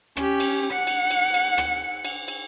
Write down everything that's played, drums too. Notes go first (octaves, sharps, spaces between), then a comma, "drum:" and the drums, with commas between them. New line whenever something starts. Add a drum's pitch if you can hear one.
C#4 G4, drum: rim click
drum: cymbal
F#5 C#7
drum: cymbal
drum: cymbal
drum: cymbal
drum: rim click
drum: cymbal
drum: cymbal